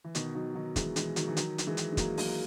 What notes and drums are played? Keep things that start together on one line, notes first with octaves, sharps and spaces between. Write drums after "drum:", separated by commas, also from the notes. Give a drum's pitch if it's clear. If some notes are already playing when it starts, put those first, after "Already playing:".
E3
B2 D#3, drum: hi-hat
D#3 F#3
D#3 F#3
E3 G#3, drum: kick, hi-hat
E3 G#3, drum: hi-hat
D#3 F#3, drum: hi-hat
E3
D#3 F#3, drum: hi-hat
F#3, drum: hi-hat
E3 G#3
drum: hi-hat
G#3
F#3 A#3, drum: kick, hi-hat
F#3 A#3, drum: open hi-hat